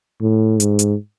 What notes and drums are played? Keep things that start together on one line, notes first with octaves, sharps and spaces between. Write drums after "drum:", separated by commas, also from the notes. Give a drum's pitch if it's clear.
A2
G#2, drum: hi-hat
drum: hi-hat